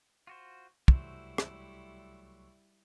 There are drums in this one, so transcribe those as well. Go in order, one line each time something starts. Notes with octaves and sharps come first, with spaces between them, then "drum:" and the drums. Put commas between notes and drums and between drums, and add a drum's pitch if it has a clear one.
F4 F#4 C5
C2 F#3 G3 A3 E4 C5, drum: kick
drum: rim click